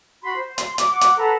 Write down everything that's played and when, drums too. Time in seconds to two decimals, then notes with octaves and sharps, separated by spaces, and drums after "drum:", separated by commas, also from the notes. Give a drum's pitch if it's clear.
0.23 F#4 B5 C6
0.35 C5
0.58 C6, drum: hi-hat
0.78 D6, drum: hi-hat
0.91 F#5 D6
1.01 drum: hi-hat
1.17 A4 B4 F#5 A#5